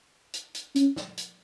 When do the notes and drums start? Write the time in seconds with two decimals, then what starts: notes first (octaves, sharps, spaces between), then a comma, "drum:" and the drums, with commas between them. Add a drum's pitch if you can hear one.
0.33 drum: hi-hat
0.54 drum: hi-hat
0.75 C#4, drum: hi-hat
0.96 drum: snare
1.17 drum: hi-hat